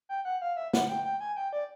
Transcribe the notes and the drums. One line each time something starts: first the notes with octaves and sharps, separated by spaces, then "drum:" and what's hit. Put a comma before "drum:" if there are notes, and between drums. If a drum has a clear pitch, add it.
G5
F#5
F5
E5
F#5, drum: snare
G5
G5
G#5
G5
D5